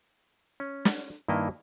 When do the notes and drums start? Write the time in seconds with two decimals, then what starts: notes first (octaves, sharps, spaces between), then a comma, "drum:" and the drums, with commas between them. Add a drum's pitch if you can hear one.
0.60 C#4
0.85 drum: snare
1.28 G2 D#3 A#3 E4 D#5